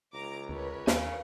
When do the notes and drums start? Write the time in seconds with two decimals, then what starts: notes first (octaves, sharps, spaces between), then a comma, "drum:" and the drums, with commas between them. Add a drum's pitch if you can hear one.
0.14 C#2 A#5 D6
0.49 D2 A#4 B4 C#5
0.87 D#2 F5 G#5, drum: snare